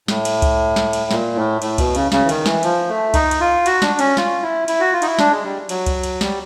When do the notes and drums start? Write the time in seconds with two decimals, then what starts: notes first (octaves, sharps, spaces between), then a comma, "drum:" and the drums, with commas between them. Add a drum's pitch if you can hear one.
0.08 A2, drum: snare
0.25 drum: cymbal
0.42 drum: kick C2, cymbal
0.76 drum: snare
0.93 drum: cymbal
1.11 A#2, drum: snare
1.36 A2
1.62 A2, drum: cymbal
1.78 B2, drum: kick C2, cymbal
1.95 C#3, drum: cymbal
2.12 C#3, drum: snare
2.25 E3
2.29 D#3, drum: cymbal
2.46 E3, drum: snare
2.63 F3, drum: cymbal
2.89 A3
3.14 D#4, drum: kick C2, cymbal
3.31 drum: cymbal
3.40 F4
3.66 F#4, drum: cymbal
3.82 D4, drum: snare
3.99 C#4, drum: cymbal
4.17 F4, drum: snare
4.42 E4
4.68 E4, drum: cymbal
4.80 F#4
4.93 F4
5.02 D#4, drum: cymbal
5.06 E4
5.19 D4, drum: snare
5.31 G#3
5.45 G3
5.69 F#3, drum: cymbal
5.86 drum: kick C2, cymbal
6.03 drum: cymbal
6.21 G3, drum: snare